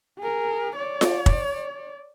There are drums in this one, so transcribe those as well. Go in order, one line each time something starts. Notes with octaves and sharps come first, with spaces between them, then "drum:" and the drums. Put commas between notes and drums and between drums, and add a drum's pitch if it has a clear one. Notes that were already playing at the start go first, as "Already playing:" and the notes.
G#4 A#4
C#5 D5
drum: snare F4
drum: kick